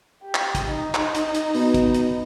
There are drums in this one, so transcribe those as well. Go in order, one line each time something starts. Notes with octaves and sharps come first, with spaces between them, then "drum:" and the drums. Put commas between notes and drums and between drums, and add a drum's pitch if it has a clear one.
G4
drum: clap
drum: kick, hi-hat
D#4
drum: clap
drum: hi-hat
drum: hi-hat
B2, drum: open hi-hat
drum: kick, hi-hat
drum: hi-hat